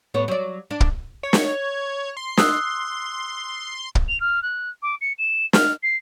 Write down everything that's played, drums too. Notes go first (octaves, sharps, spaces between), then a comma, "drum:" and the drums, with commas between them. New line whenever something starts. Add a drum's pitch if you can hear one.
A2 B3 C#5
F#3 D5
D4
drum: kick
C#5
drum: snare
C6
D#6 E6 F#6, drum: snare
drum: kick
F7
F6
F#6
D6
C#7
E7
F6, drum: snare
C7